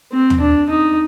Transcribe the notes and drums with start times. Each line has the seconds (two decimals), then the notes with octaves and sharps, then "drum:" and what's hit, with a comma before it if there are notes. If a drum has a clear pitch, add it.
0.12 C4
0.30 drum: tom
0.40 D4
0.69 D#4